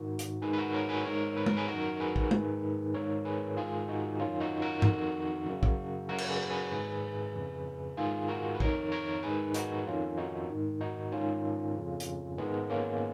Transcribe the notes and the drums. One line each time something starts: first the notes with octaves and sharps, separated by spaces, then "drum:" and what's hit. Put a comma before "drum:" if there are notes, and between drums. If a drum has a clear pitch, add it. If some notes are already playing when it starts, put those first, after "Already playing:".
Already playing: G#2 D#3 F#4 A#4
drum: hi-hat
G#2 D#3 G#4 B4
B4
F#4 A#4
A#4 C#5
G#4 B4
G#2 D#3 A#4 C#5
B4
A#4, drum: tom
G#4 B4
F#2 D#3 F#4 A#4
G#4 B4
drum: kick
G#2 D#3, drum: tom
G#2 D#3 A#4 C#5
G#4 B4
G#2 D#3 F4 G#4
D#4 F#4
D#3 C#4 F4
F#2
D#4 F#4
F#4 A#4
F2 D#3, drum: tom
F#2 C#3
drum: kick
F#2 C#3 F#4 A#4
drum: cymbal
G#4 B4
G#4 B4
G#2 D#3
F2 C#3
G#2 D#3 F4 G#4
F#4 A#4
B4
F2 D#3 A#4 C#5, drum: kick
A#4 C#5
G#2 D#3 G#4 B4
D#4 F#4, drum: hi-hat
F2 D#3 C#4 F4
D#4 F#4
G#2 D#3
D#4 F#4
G#2 D#3 C#4 F4
F2 C#3
drum: hi-hat
G#2 D#3 G#3 B3
A#3 C#4